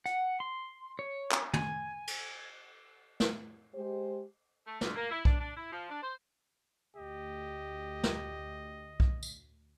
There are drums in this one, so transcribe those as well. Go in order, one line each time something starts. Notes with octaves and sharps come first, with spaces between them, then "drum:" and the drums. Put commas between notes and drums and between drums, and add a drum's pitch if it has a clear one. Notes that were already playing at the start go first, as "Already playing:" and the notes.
F#5, drum: hi-hat
C6
C#5
drum: clap
G#5, drum: tom
drum: cymbal
drum: snare
G#3 G4 C5
A3
D2, drum: snare
A#3
E4
D4, drum: kick B1
D4
E4
F3
D4
C5
D2 G4 D#5
drum: snare
drum: kick B1
drum: tambourine